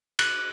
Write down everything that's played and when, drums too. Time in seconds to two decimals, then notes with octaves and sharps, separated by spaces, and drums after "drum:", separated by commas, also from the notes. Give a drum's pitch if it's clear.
0.19 F#6, drum: cymbal